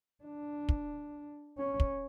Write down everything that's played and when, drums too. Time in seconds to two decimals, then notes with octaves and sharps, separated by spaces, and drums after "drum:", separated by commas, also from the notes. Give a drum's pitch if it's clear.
0.24 D4
0.69 drum: kick
1.58 C#4
1.80 drum: kick